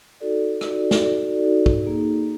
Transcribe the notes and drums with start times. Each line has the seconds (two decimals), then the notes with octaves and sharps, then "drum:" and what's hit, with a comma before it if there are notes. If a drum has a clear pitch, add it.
0.20 D#4 F#4 A4 D5
0.61 D#4 F#4 A4 D5, drum: rim click
0.91 drum: snare
1.02 D#4 F#4 A4 D5
1.43 D#4 F#4 A4 D5
1.66 drum: kick
1.84 A#3 D#4 G#4